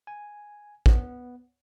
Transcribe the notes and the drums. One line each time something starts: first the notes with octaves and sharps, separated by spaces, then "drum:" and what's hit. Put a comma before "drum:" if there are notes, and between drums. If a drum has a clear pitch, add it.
G#5
B3, drum: kick